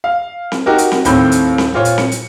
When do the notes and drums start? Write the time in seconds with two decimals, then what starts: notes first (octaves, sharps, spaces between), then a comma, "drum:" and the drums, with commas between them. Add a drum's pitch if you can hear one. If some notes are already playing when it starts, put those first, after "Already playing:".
0.04 F5
0.52 drum: snare C4
0.66 D#4 F#4 G4 A#4
0.78 drum: hi-hat
0.92 drum: snare C4
1.05 D#2 A2 C4 B5 G6, drum: hi-hat
1.32 drum: hi-hat
1.58 drum: snare C4
1.74 A#2 F4 C5 C#5
1.85 drum: hi-hat
1.98 C#7, drum: snare C4
2.11 drum: hi-hat